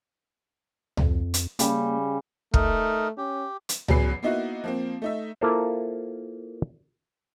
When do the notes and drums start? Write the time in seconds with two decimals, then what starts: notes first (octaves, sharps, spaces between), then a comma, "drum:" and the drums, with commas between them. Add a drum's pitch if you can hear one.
0.97 F2, drum: tom C#2
1.34 drum: hi-hat
1.59 C#3 G3 A#3, drum: hi-hat
2.54 A3 D#4 A#4, drum: kick
3.17 C#4 G4
3.69 drum: hi-hat
3.88 A1 E2 F#3 G#4 B4 C7, drum: tom C#2
4.23 A#3 B3 D#4 E4 F#4
4.64 F3 A#3 C4
5.02 A3 D#4 E5
5.41 A#3 E4 F4 A4 A#4 C5